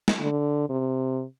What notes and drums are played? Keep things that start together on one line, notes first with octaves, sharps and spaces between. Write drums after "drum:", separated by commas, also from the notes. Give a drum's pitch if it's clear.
drum: snare
D3
C3